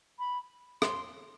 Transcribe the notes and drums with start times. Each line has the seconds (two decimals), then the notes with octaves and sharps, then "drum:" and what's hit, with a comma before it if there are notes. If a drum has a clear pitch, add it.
0.19 B5
0.82 C6, drum: rim click